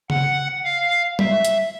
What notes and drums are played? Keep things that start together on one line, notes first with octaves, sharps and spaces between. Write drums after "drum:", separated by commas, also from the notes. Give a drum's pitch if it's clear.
F#5, drum: tom C#3
F5
E5, drum: tom G3
drum: hi-hat